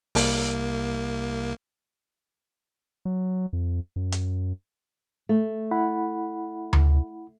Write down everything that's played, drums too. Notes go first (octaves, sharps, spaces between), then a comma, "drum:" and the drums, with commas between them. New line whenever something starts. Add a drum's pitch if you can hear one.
C2 A#3, drum: open hi-hat
F#3
F2
F#2
drum: hi-hat
A3
E4 F#5 B5
drum: tom D2